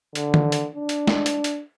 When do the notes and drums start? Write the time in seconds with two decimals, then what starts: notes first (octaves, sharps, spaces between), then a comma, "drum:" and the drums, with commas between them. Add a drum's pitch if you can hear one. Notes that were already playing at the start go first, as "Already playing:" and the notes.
0.15 D3, drum: hi-hat
0.34 drum: tom D3
0.52 drum: hi-hat
0.76 D4
0.89 drum: hi-hat
1.07 drum: snare
1.26 drum: hi-hat
1.44 drum: hi-hat